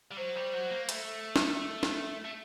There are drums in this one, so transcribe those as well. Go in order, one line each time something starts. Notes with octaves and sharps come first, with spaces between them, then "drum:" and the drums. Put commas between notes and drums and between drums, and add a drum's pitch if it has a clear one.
G3
F#3 C5
G3
F#3
A#3
A3, drum: hi-hat
drum: snare
drum: snare
A3